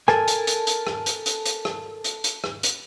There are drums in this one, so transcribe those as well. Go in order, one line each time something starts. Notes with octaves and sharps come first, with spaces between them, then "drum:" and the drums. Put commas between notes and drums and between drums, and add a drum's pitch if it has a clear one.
A4 A#4 G#5 A5, drum: rim click
drum: hi-hat
drum: hi-hat
drum: hi-hat
drum: rim click
drum: hi-hat
drum: hi-hat
drum: hi-hat
drum: rim click
drum: hi-hat
drum: hi-hat
drum: rim click
drum: hi-hat